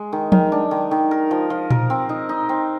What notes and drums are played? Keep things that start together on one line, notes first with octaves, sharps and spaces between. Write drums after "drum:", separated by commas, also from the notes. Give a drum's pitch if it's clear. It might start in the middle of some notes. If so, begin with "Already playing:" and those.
Already playing: G#3
D#3
D#3, drum: tom F3
D4
D#3
D#3
A#4
F3
F3
A#4, drum: tom A#2
C4
D#4
D#4
C4